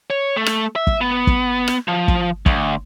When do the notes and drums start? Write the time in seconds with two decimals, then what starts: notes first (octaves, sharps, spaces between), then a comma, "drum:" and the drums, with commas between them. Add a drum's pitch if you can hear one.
0.10 C#5
0.36 A3
0.46 drum: rim click
0.76 E5
0.87 drum: kick
1.01 B3
1.27 drum: kick
1.68 drum: rim click
1.88 F3
2.08 drum: kick
2.46 D2, drum: kick